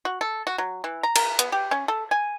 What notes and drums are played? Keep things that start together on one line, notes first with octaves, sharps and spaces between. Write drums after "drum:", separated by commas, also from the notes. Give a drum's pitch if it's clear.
F#4
A4
F#4
F#3
E3
A#5
A#4, drum: cymbal
B3, drum: hi-hat
G4
C#4
A4
G#5